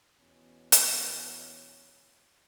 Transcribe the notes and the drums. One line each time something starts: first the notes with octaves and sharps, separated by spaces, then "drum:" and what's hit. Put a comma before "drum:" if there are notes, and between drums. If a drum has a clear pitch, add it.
E2 B2 C#4
drum: hi-hat